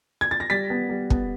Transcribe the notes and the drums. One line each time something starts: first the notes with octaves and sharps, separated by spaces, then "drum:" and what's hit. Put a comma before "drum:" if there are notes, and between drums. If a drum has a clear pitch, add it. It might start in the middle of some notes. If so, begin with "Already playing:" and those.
G#6
A6
A#6
G3 A6 B6
B3
G3
B3, drum: kick